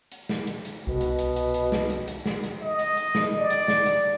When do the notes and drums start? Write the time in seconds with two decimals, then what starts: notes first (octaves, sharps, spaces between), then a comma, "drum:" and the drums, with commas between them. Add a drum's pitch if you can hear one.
0.12 drum: hi-hat
0.29 drum: snare
0.47 drum: hi-hat
0.65 drum: hi-hat
0.87 C2 B2
1.01 drum: hi-hat
1.19 drum: hi-hat
1.36 drum: hi-hat
1.54 drum: hi-hat
1.72 drum: snare
1.90 drum: hi-hat
2.08 drum: hi-hat
2.26 drum: snare
2.43 drum: hi-hat
2.61 D#5
2.79 drum: hi-hat
2.97 drum: hi-hat
3.15 drum: snare
3.39 D5
3.50 drum: hi-hat
3.68 drum: snare
3.86 drum: hi-hat